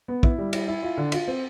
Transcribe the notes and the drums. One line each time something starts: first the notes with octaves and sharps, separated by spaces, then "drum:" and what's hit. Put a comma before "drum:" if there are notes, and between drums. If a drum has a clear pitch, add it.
B3
E4, drum: kick
G3
E4, drum: cymbal
E4
F4
D3
F4, drum: cymbal
C4